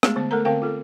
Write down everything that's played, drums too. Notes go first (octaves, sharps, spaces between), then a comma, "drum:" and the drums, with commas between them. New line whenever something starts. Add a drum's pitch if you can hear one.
G#3 A3 B3 G#4, drum: rim click
D3 B3 C5 A5
A3 A4 A#4 A#5
D3 C4 A#4 F5 G5
F4 A4